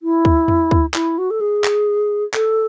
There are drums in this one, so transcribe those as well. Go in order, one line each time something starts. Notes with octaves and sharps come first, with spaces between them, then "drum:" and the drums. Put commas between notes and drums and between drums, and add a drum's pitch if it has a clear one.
E4
drum: kick D2
drum: tom E2
drum: kick D2
E4, drum: clap
F#4
A4
G#4
drum: clap
A4, drum: clap